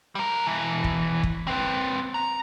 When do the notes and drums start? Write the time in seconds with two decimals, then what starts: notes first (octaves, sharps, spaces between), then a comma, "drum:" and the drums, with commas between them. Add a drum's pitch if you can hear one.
0.15 G3 A#4
0.45 B2 E3
0.84 drum: kick
1.23 drum: kick
1.47 C4 B4
2.14 A#5